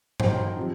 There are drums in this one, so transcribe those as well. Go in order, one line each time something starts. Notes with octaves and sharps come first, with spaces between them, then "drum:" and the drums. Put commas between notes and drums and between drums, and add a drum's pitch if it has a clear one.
D#2 D#3 F#3 C5, drum: tom G2
C3 F3